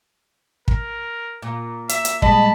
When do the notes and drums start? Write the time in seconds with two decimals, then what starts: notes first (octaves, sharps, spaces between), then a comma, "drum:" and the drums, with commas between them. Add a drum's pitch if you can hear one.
0.68 A#4, drum: kick
1.42 A#2
1.89 E5, drum: hi-hat
2.05 drum: hi-hat
2.22 A#2 G3 G#3 D#5 A5 B5, drum: kick